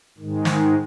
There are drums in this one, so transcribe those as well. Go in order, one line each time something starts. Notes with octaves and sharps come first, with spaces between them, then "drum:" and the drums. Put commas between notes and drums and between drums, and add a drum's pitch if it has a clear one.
G#2 D#3 G#3
drum: snare